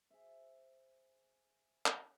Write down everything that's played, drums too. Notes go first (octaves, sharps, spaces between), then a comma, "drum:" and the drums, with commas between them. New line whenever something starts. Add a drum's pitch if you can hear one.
G#4 C5 E5
drum: clap